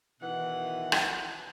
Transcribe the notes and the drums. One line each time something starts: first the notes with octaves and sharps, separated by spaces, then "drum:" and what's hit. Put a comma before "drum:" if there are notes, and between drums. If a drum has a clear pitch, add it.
B2 D#3 E3 F#5
drum: rim click